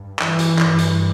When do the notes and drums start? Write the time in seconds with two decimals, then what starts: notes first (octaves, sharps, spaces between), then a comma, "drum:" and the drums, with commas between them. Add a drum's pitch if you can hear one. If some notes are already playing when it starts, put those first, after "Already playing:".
Already playing: G2
0.19 E3, drum: clap
0.39 drum: hi-hat
0.59 G2, drum: clap
0.79 drum: hi-hat